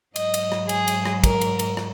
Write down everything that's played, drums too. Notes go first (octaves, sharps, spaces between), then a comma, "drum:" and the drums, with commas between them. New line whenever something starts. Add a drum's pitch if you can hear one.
G#2 F#3 D#5, drum: cymbal
drum: cymbal
drum: rim click
G#4, drum: cymbal
drum: cymbal
drum: rim click
A#4, drum: kick, cymbal
drum: cymbal
drum: cymbal
drum: rim click